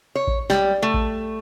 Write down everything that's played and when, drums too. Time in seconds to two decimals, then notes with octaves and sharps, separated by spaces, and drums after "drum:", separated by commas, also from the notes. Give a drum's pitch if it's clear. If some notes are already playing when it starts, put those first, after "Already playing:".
0.15 C#5
0.27 drum: kick A1
0.50 G3, drum: snare
0.83 A3
0.94 drum: kick A1